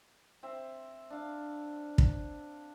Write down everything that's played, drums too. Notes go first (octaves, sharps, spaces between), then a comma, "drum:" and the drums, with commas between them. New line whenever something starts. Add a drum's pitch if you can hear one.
C4 C5 E5
D4 F5
drum: kick